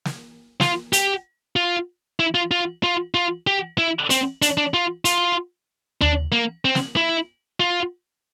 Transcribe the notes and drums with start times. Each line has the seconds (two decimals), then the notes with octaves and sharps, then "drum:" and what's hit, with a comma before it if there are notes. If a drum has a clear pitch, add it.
0.05 drum: snare
0.61 F4, drum: snare
0.93 G4, drum: hi-hat
1.56 F4
2.20 E4
2.35 F4
2.51 F4
2.84 F4
3.14 F4
3.47 G4
3.78 E4
4.10 C4, drum: hi-hat
4.42 D4, drum: hi-hat
4.57 D4
4.74 F4
5.05 F4, drum: hi-hat
6.01 D4, drum: tom D#2
6.32 A#3
6.65 C4
6.75 drum: snare
6.97 E4
7.60 F4